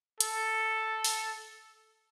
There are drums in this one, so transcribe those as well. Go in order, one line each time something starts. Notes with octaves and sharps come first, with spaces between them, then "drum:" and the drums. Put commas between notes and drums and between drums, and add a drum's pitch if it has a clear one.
A4, drum: hi-hat
drum: open hi-hat